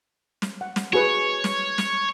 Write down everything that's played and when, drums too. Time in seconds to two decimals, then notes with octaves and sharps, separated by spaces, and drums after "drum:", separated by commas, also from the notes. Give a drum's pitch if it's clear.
0.42 drum: snare
0.61 F#5
0.76 drum: snare
0.93 F#4 G#4 B4 C#5
1.44 drum: snare
1.78 drum: snare